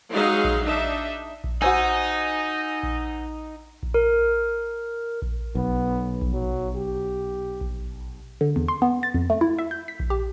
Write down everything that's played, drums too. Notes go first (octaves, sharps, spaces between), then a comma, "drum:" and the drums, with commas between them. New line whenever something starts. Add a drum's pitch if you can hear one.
F#3 G#3 D#4 G#4 F5
drum: kick A#1
D4 D#4 E5
drum: kick A#1
D#4 F#4 C5 D#5 G#5 E6
drum: kick A#1
drum: kick A#1
A#4
drum: kick A#1
B1 B3
drum: kick A#1
F#3
G4
drum: kick A#1
D3
E2
C6
B3
A6
F2
A3
E4
E5
G6
B6
drum: kick A#1
G4